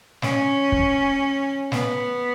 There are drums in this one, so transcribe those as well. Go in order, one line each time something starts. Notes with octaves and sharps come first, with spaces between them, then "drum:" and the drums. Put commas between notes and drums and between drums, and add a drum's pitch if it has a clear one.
C#4, drum: snare
drum: kick
B3, drum: snare